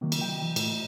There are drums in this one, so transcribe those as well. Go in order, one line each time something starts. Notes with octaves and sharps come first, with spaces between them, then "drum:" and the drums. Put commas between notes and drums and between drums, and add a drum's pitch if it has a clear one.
C3 D#3 F#3 A#3
drum: cymbal
G5
E3
A2, drum: cymbal